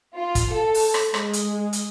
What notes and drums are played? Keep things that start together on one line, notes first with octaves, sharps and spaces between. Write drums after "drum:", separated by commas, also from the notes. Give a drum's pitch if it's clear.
F4
drum: kick, hi-hat
A4
drum: open hi-hat
drum: rim click
G#3, drum: rim click
drum: hi-hat
drum: hi-hat